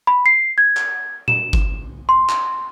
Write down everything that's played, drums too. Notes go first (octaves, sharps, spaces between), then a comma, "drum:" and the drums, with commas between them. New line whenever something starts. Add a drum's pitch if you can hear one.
B5
C7
G#6
drum: clap
E7, drum: tom A#2
drum: kick G1
C6
drum: clap